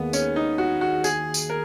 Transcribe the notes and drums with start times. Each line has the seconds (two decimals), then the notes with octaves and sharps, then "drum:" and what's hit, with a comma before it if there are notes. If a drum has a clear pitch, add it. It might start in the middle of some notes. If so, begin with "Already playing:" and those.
Already playing: D#2 G#3 B3
0.13 C#4, drum: tambourine
0.36 D#4
0.58 F#4
0.81 F#4
1.04 G#4, drum: tambourine
1.34 drum: tambourine
1.50 A#4